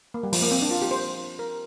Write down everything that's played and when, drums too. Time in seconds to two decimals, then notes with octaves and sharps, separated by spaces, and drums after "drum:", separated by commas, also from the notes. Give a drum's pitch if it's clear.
0.14 A#3
0.23 G3
0.33 F3, drum: open hi-hat
0.42 A#3
0.51 C4
0.62 D4
0.71 F4
0.82 G4
0.91 C5
1.39 A#4